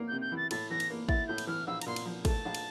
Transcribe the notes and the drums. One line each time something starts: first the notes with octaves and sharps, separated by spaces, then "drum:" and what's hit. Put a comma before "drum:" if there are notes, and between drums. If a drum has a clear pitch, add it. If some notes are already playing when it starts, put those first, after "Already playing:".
Already playing: A#3
C3 G6
G6
E3
A6
A2 A6, drum: cymbal
E3 A#6
drum: cymbal
A#3
E4 A6, drum: kick
A2 G6
drum: cymbal
E3 F6
A#1 E6
A#5, drum: cymbal
A#2 C6
drum: cymbal
F3
A3 A5, drum: kick, cymbal
A#1
drum: cymbal